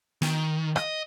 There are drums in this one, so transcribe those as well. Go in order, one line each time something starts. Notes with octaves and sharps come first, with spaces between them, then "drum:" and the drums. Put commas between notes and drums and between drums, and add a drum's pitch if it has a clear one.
D#3, drum: snare
D#5, drum: rim click